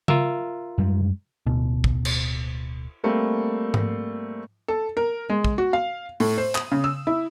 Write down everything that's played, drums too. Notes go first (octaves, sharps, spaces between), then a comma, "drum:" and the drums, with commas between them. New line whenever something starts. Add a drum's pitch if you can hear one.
F4 A#4 E5, drum: tom C#3
F#2 G3 G#3
D1 B2
drum: kick
drum: cymbal
G3 A3 A#3 C4
drum: tom G#2
A4
A#4
G#3
drum: kick
F#4
F5
A2, drum: open hi-hat
C5
D#6, drum: clap
C#3
E6
E4